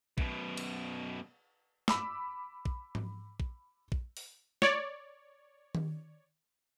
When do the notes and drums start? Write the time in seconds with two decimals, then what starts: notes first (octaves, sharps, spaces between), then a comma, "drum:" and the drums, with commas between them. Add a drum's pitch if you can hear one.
0.18 F#2 B2, drum: kick
0.57 drum: cymbal
1.88 B5 D6 E6, drum: snare
2.65 drum: kick
2.95 drum: tom G#2
3.40 drum: kick
3.92 drum: kick
4.17 drum: open hi-hat
4.62 C#5 D5, drum: snare
5.75 drum: tom D#3